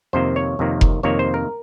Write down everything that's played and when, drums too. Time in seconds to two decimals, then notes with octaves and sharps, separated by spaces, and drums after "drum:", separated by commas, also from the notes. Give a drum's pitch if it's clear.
0.13 F2 C3 D#3 A#3 C5
0.36 C#5
0.59 F2 C3 D#3 A#3
0.81 drum: kick F1
1.03 F2 C3 D#3 A#3 C#5
1.19 C5
1.34 A#4